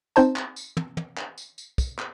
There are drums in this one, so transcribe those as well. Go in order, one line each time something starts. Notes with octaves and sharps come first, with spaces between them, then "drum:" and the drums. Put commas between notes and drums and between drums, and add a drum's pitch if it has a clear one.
C4 D#4 C5 A5, drum: tambourine
drum: clap
drum: tambourine
drum: tom
drum: tom
drum: clap
drum: tambourine
drum: tambourine
drum: kick, tambourine
drum: clap